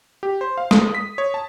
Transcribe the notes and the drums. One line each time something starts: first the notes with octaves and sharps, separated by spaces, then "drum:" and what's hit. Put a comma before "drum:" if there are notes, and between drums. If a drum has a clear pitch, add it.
G4
C5
F5
D#6, drum: snare
B6
C#5
A5